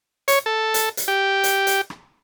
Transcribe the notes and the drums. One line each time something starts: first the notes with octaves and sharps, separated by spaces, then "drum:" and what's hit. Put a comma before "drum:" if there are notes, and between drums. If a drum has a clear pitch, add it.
C#5, drum: hi-hat
A4
drum: hi-hat
drum: hi-hat
G4
drum: hi-hat
drum: hi-hat
drum: rim click